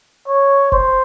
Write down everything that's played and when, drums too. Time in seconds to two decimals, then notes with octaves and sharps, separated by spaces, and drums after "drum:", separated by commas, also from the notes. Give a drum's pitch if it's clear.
0.28 C#5
0.72 C5, drum: kick F1